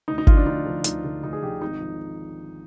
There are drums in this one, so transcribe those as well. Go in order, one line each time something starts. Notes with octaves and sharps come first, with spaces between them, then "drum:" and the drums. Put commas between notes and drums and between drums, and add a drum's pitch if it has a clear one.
D2 D#4
D#4
D3 F3 F4, drum: kick G1
D4
D2 D#4
D3 F3
D2 D#4, drum: hi-hat
D3 F3
D2 D#4
G#4
D3 F3 G4
G#1 D#4
F3